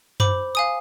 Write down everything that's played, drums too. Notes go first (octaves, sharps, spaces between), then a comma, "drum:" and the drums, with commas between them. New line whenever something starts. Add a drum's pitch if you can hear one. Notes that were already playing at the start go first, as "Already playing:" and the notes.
C5 B5 D6, drum: tom F#2
F5 G#5 D#6